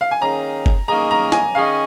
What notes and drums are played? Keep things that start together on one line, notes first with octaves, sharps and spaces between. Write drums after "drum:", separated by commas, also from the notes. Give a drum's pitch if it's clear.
F5
G#5
D#3 A#3 C#4 G#4 D#5 A#5
drum: kick F#1
D#3 A#3 C#4 G#4 D#5 A#5
A#5
G#5, drum: snare
D#3 C#4 G#4 D#5 F5